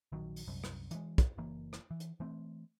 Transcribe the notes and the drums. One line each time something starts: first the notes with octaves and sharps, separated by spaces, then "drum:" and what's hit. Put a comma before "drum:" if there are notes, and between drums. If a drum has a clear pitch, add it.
A#1 D#3 F#3
drum: open hi-hat
C2 F#2
drum: rim click
E3 G#3, drum: hi-hat
drum: kick, hi-hat
F#1 E3 A#3
drum: rim click
E3
drum: hi-hat
E3 A3 C4